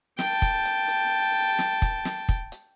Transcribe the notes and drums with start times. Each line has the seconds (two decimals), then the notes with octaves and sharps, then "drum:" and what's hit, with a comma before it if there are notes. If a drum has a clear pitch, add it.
0.19 G5 A5, drum: snare
0.42 drum: kick, hi-hat
0.65 drum: hi-hat
0.89 drum: hi-hat
1.59 drum: snare
1.82 drum: kick, hi-hat
2.05 drum: snare
2.29 drum: kick, hi-hat
2.52 drum: hi-hat